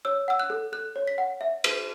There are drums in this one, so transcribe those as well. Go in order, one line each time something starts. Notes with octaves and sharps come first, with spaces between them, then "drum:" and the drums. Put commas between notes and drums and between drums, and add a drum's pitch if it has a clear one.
C#5 E6
F#5 E6
F#6
A4
A4 F#6
C#5
B6
F#5
E5
B4, drum: cymbal